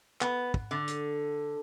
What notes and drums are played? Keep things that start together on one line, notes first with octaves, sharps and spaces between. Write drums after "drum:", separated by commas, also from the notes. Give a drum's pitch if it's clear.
B3, drum: clap
drum: kick
D3
drum: hi-hat